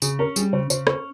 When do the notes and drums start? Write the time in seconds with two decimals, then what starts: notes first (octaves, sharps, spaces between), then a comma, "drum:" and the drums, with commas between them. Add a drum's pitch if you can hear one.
0.02 C#3 G#4, drum: tambourine
0.19 C#4 A#4
0.36 G3 G#4, drum: tambourine
0.53 C#3 C5
0.70 C#3 C5, drum: tambourine
0.87 C#4 C5, drum: rim click